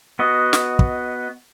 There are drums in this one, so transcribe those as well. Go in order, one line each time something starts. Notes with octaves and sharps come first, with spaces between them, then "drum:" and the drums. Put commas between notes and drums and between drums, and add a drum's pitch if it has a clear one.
B3 F#4 D#5
drum: snare
drum: kick